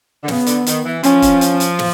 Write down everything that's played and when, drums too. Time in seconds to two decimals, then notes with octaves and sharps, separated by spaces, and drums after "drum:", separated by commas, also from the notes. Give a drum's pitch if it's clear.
0.23 D3
0.28 C#3 B3, drum: snare
0.46 D3, drum: hi-hat
0.66 D#3, drum: hi-hat
0.85 E3
1.03 F3 C#4, drum: hi-hat
1.22 drum: kick, hi-hat
1.41 drum: hi-hat
1.60 drum: hi-hat
1.79 drum: snare